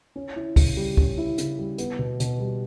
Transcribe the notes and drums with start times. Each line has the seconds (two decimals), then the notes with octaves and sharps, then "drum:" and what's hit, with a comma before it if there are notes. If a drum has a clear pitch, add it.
0.16 C#4
0.36 E4
0.56 C#3, drum: kick, open hi-hat
0.77 G3
0.97 C#4, drum: kick
1.18 E4
1.38 C#3, drum: hi-hat
1.59 G3
1.78 B3, drum: hi-hat
1.99 B2
2.20 B2, drum: hi-hat
2.40 G3